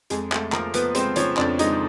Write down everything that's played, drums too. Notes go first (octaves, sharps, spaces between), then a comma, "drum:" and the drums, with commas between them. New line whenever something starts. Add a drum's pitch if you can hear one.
F2 G#3 G#4, drum: hi-hat
G#3 A3 A4, drum: clap
F3 A#3 A#4, drum: clap
F3 B3 B4, drum: hi-hat
G#3 C4 C5, drum: hi-hat
F3 C#4 C#5, drum: hi-hat
F2 D4 D5, drum: clap
G#3 D#4 D#5, drum: hi-hat